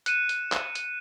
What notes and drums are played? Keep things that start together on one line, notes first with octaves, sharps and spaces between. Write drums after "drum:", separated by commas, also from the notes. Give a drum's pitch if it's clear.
F#6 C#7 D#7 E7, drum: hi-hat
drum: hi-hat
drum: clap
drum: hi-hat